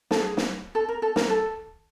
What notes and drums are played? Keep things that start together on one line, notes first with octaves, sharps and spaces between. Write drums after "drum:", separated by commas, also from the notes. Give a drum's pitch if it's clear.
A4, drum: snare
G#4
drum: snare
A4
A#4
A4
A#4, drum: snare
A4